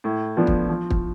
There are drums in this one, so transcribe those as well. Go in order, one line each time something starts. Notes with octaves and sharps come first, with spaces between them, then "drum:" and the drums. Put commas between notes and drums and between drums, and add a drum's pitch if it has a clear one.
A2
F3 B3 D4 F4
drum: kick
F3
drum: kick